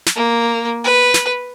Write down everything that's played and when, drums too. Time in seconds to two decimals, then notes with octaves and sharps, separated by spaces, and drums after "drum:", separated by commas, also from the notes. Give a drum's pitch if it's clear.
0.06 drum: snare
0.16 A#3
0.84 B4
1.14 drum: snare